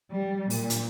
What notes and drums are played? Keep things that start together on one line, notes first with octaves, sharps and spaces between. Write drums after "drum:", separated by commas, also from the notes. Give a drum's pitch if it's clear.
G3
A#2, drum: open hi-hat
drum: hi-hat